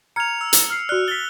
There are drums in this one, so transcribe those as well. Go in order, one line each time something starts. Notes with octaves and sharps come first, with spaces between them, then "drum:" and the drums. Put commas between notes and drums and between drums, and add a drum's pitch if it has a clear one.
A#5 F6 G#6 C#7 F7
E6
drum: hi-hat
F6 C7
F#4 D5 F6 F#6
A6 B6 G7